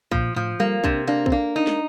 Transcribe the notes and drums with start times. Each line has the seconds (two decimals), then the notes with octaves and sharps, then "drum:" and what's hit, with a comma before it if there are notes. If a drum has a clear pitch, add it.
0.11 A#2 F3, drum: kick A#1
0.36 A2 F3
0.60 G3 A#3
0.84 C3 D4, drum: kick A#1
1.07 A#3 D4
1.26 C4, drum: kick A#1
1.32 A#3 D4
1.56 D#4
1.67 drum: snare